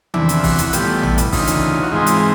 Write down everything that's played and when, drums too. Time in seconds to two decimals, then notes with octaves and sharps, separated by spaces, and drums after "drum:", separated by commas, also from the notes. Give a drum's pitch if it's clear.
0.14 E2 C3 E3 D4 E4, drum: tom D#3
0.29 drum: hi-hat
0.39 F4
0.43 E4 F#4, drum: kick B1, open hi-hat
0.59 drum: hi-hat
0.69 F#4
0.73 A2 E3 G3 B3 F4 G4, drum: hi-hat
1.03 drum: tom A1
1.18 drum: hi-hat
1.32 D2 C#3 E3 D#4 F4, drum: kick B1, open hi-hat
1.47 drum: hi-hat
1.82 F#4
1.92 G#2 E3 G#3 C4 D#4 F4
2.07 drum: hi-hat